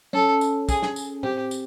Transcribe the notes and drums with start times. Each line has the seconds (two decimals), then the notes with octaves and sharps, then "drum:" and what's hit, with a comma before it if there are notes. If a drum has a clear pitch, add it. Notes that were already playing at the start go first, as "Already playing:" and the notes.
0.13 C#4 A4, drum: tom
0.41 drum: tambourine
0.69 G#4, drum: kick, tambourine
0.82 drum: snare
0.96 drum: tambourine
1.23 C4 G4, drum: tom A2
1.51 drum: tambourine